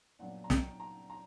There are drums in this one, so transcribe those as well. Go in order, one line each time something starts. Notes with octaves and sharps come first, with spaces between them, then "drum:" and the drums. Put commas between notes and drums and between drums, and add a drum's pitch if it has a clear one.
A#2 F#3 B3 D4 F#5
A#5
G5, drum: snare
A#5
A#5